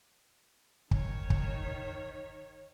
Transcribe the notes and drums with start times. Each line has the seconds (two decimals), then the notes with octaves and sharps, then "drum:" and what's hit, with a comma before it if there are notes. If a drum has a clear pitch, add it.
0.91 D#3 C#5, drum: kick
1.30 drum: kick